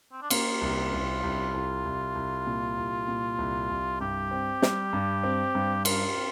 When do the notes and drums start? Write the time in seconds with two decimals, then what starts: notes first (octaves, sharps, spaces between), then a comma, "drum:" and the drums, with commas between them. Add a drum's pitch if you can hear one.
0.12 C4
0.22 D4
0.30 A#3 F4, drum: cymbal
0.61 C2
0.92 C2
1.24 C2
1.54 C2
1.85 C2
2.15 C2
2.47 A#2
2.77 C2
3.08 A#2
3.38 C2
3.69 C2
4.01 G2 G4
4.31 C4
4.62 G3, drum: snare
4.93 G2
5.23 C4
5.55 G2
5.85 F4 A#4, drum: cymbal
6.16 C4